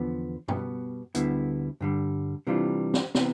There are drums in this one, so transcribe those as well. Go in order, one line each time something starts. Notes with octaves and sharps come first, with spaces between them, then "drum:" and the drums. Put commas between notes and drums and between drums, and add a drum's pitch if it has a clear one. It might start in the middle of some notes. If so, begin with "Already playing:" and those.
Already playing: E2 D3 F3 B3
B2 G3 B3, drum: tom
D2 D3 G3 B3 E4, drum: hi-hat
G2 D3 G3
C3 E3 G3 D4 F4
drum: snare
C3 E3 B3, drum: snare